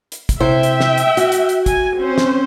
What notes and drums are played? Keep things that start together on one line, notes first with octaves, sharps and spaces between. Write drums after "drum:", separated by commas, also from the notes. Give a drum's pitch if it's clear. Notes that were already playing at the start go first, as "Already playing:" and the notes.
drum: hi-hat
drum: kick, hi-hat
C3 E4 C5 E5 G5
drum: hi-hat
drum: snare
drum: hi-hat
F#4, drum: hi-hat
drum: hi-hat
drum: hi-hat
G#5, drum: kick, hi-hat
C4 C#4 C5
drum: snare